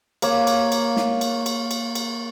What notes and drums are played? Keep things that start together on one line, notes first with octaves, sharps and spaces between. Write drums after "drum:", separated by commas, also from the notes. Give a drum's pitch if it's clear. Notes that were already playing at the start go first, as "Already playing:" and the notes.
A#3 C#5, drum: cymbal
drum: cymbal
drum: cymbal
drum: snare
drum: cymbal
drum: cymbal
drum: cymbal
drum: cymbal